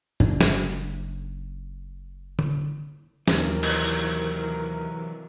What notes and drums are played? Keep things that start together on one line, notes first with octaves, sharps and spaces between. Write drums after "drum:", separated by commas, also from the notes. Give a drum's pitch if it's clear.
F#1 D4, drum: tom
drum: snare
drum: tom D3
D#2 C3 E3 F#3 A#4, drum: snare
drum: cymbal